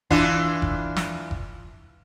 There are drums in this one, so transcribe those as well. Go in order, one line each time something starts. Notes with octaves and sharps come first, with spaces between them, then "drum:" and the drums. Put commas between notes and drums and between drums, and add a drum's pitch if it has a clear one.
E3 D4 F4, drum: kick F#1
drum: kick F#1
drum: snare
drum: kick F#1